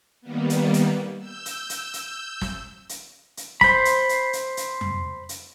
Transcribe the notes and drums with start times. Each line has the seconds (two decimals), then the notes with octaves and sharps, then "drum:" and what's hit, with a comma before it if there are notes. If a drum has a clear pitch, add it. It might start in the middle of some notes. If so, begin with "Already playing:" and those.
0.21 D#3 G3 A#3 B3
0.50 drum: hi-hat
0.74 drum: hi-hat
1.18 E6 G6
1.46 drum: hi-hat
1.70 drum: hi-hat
1.93 drum: hi-hat
2.41 drum: snare
2.89 drum: hi-hat
3.37 drum: hi-hat
3.61 C5 B5, drum: snare
3.85 drum: hi-hat
4.09 drum: hi-hat
4.33 drum: hi-hat
4.57 drum: hi-hat
4.81 drum: tom F2
5.29 drum: hi-hat